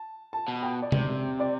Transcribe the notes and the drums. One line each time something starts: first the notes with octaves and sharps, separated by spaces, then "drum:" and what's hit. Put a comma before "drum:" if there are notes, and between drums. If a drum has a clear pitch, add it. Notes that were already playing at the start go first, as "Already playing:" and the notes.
Already playing: A5
A5
B2
G5
D5
C3, drum: tom C3
D5